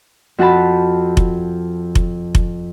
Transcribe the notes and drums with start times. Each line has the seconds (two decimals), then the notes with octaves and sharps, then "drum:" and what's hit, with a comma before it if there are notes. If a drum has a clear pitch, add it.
0.38 F2 F#4 F#5 A5 B5
1.17 drum: kick F1
1.95 drum: kick F1
2.35 drum: kick F1